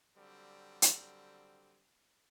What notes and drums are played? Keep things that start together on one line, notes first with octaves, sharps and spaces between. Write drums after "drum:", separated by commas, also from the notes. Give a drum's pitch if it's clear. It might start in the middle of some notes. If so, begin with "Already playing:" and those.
D3 F#3 G3 C4
drum: hi-hat